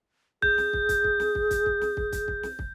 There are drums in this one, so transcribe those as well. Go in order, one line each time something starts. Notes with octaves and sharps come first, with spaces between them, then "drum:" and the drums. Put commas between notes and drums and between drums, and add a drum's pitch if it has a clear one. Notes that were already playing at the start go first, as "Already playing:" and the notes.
G#4 G6, drum: kick
drum: snare
drum: kick
drum: kick, hi-hat
drum: kick
drum: snare
drum: kick
drum: kick, hi-hat
drum: kick
drum: snare
drum: kick
drum: kick, hi-hat
drum: kick
drum: snare
drum: kick